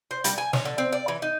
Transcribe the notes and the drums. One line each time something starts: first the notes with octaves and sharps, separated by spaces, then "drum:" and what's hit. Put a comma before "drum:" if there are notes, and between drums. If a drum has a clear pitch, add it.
C5
G3, drum: hi-hat
G#5
C#5, drum: snare
D3
C4
D5
E3
D#4